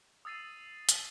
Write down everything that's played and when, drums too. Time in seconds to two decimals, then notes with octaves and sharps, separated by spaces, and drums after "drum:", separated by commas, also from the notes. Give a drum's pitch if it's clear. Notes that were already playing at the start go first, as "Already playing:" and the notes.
0.25 D#6 E6 A6 C7 D#7
0.89 drum: hi-hat